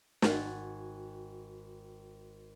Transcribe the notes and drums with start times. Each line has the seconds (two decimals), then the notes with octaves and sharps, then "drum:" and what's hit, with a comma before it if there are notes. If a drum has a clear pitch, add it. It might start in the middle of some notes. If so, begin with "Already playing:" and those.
0.22 G#1 F#4 G#5 A6, drum: snare